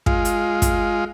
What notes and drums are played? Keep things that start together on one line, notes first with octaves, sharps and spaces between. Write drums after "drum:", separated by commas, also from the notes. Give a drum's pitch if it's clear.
G#3 F4, drum: kick
drum: hi-hat
drum: kick, hi-hat